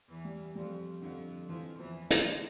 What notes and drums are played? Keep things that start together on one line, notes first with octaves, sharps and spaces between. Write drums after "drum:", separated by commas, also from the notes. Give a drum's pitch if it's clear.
E2 E3
G3
F2 F3 G3
F2 D3 F3
F2 E3 F3
E2 E3 F3
D3 A3, drum: hi-hat